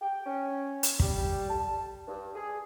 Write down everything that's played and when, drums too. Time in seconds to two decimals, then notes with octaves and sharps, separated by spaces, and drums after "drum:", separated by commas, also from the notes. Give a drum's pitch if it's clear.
0.01 G5
0.25 C#4
0.83 drum: hi-hat
1.00 G3, drum: kick
1.48 A5
2.07 G2
2.34 G#4